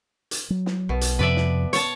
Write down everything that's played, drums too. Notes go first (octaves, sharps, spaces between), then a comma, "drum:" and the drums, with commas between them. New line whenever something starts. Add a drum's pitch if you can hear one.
drum: hi-hat
F#3
drum: snare
B1 B2
drum: hi-hat
F2 C3 F3 B4 D5 E5
drum: snare
C#5 A5, drum: hi-hat